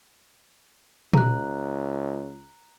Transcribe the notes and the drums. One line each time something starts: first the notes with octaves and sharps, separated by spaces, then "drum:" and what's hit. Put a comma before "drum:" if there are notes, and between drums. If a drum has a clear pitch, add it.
C#2 A#5 F#6, drum: tom A#2